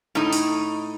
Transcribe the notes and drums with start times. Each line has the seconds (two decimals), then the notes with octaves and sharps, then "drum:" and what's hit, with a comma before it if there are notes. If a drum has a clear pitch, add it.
0.15 A2 D#4
0.33 drum: open hi-hat